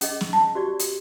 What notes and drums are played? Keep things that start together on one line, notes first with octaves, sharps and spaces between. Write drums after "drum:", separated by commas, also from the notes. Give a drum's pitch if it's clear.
C#4 G#4 D#5, drum: hi-hat
drum: snare
A5
F#4 G4 D5
drum: hi-hat